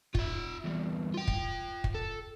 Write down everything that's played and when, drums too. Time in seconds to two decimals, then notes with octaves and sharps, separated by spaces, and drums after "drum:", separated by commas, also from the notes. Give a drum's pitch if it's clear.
0.15 F4 E5, drum: kick
0.64 E2 G2
1.14 F4 G5
1.28 drum: kick
1.84 drum: kick
1.95 A4